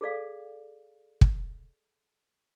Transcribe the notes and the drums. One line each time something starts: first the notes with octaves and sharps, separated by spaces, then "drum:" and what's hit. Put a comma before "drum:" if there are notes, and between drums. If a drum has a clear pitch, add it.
G#4 A4 D5 F5
drum: kick